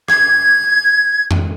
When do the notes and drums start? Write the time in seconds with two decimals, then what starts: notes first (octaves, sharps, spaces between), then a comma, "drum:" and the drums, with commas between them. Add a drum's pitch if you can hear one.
0.08 G#6, drum: rim click
1.31 drum: tom F2